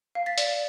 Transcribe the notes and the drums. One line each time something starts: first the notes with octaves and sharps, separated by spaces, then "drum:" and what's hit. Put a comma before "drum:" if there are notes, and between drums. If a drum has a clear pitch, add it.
F5
A6 B6
D5, drum: hi-hat